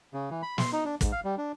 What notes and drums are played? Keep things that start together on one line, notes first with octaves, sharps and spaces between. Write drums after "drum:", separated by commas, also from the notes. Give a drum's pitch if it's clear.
C#3
E3
B5
C6, drum: snare
D#4
D4
G#2, drum: kick, hi-hat
F5
G3
D4